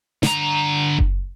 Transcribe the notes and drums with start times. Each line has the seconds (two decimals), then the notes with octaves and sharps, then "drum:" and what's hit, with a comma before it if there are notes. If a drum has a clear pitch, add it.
0.23 D3 A#5, drum: snare
0.99 drum: kick F#1